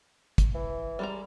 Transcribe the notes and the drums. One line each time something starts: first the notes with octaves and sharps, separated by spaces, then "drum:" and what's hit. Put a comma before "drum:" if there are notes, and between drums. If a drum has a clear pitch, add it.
drum: kick, hi-hat
E3
G3 G#3 A#5